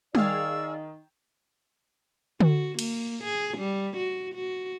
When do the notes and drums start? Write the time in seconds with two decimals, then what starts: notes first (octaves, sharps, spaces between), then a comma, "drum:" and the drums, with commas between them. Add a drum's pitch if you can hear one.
0.15 D#3 D#4 G#4 D5 F5 C#6 E6, drum: tom G3
2.40 F#4, drum: tom D3
2.79 A#3, drum: cymbal
3.24 G#4
3.58 G3
3.97 F#4
4.35 F#4